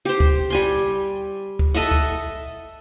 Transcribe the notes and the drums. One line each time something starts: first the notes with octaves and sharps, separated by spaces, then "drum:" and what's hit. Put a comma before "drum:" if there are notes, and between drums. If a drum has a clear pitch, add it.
G4 C5
drum: kick
G3 G#5 C6
drum: kick
A4 D#5 E5 F#5
drum: kick